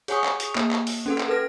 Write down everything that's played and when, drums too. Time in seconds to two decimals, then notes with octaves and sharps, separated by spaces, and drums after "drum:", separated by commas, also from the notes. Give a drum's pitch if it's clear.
0.08 G#4 C#5 F#5 G#5 C#6 D#6, drum: hi-hat
0.24 drum: clap
0.40 F7, drum: hi-hat
0.55 A#3, drum: clap
0.71 drum: clap
0.87 drum: open hi-hat
1.06 C#4 A4 F#5
1.18 drum: clap
1.28 A4 B4 F6 A#6